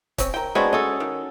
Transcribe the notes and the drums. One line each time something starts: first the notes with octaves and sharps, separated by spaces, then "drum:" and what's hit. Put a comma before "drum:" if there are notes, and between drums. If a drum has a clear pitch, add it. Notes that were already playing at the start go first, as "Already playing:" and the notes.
C4 C#4, drum: kick, hi-hat
A#4 G5
G#3 B3 C4 D4 F#4 C#5
C#4 A4 D#5
D#3